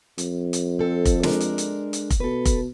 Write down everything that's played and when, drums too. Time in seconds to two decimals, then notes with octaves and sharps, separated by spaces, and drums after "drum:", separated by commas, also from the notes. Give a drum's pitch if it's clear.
0.18 F2, drum: hi-hat
0.53 drum: hi-hat
0.79 C4 A4
1.05 drum: kick F1, hi-hat
1.23 G#3 D4 A#4, drum: snare
1.40 drum: hi-hat
1.58 drum: hi-hat
1.93 drum: hi-hat
2.10 drum: kick F1, hi-hat
2.20 B2 A4 B4
2.45 drum: kick F1, hi-hat